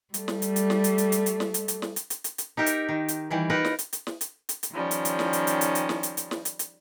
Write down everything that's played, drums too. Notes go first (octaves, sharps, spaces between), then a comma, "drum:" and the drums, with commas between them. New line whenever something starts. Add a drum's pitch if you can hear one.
G3 A3, drum: hi-hat
drum: snare
drum: hi-hat
drum: hi-hat
drum: snare
drum: hi-hat
drum: hi-hat
drum: hi-hat
drum: hi-hat
drum: snare
drum: hi-hat
drum: hi-hat
drum: snare
drum: hi-hat
drum: hi-hat
drum: hi-hat
drum: hi-hat
D#4 G4 A#4 E5
drum: hi-hat
D#3
drum: hi-hat
D#3 E3 G3
D#4 F4 A#4 B4
drum: snare
drum: hi-hat
drum: hi-hat
drum: snare
drum: hi-hat
drum: hi-hat
drum: hi-hat
D#3 F3 G3 C#4
drum: hi-hat
drum: hi-hat
drum: snare
drum: hi-hat
drum: hi-hat
drum: hi-hat
drum: hi-hat
drum: snare
drum: hi-hat
drum: hi-hat
drum: snare
drum: hi-hat
drum: hi-hat